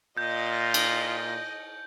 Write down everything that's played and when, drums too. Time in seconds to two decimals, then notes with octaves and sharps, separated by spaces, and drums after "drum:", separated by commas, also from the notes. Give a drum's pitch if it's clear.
0.17 A#2 F4 D#5 G6
0.74 drum: cymbal